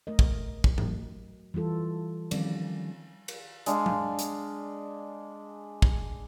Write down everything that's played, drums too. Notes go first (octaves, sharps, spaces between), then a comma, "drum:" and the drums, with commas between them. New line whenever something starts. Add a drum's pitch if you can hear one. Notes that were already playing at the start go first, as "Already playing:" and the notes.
A3 A#4 D#5
drum: kick
drum: kick
F#3, drum: tom G#2
E3 G3 F4 A4
D#3 F3 G3 C4 C#4 D5, drum: cymbal
drum: cymbal
G#3 D4 F5, drum: hi-hat
drum: tom F#3
drum: hi-hat
drum: kick